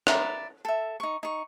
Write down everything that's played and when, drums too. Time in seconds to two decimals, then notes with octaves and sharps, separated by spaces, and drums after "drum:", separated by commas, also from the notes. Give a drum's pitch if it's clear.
0.07 B4 D5 E5 A#5, drum: rim click
0.65 A4 E5
1.00 D#4 C#6
1.23 D#4 C#6